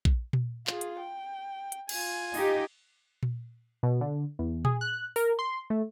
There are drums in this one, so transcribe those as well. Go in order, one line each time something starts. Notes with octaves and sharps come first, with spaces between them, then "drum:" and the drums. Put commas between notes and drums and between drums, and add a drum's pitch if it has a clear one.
drum: kick A#1
drum: tom A#2
F4 G#4, drum: clap
drum: hi-hat
G5
drum: hi-hat
F4 G#5, drum: cymbal
D#4 G4, drum: open hi-hat
drum: tom A#2
B2
D3
E2
G#4, drum: tom A#2
F#6
A#4, drum: open hi-hat
C6
A3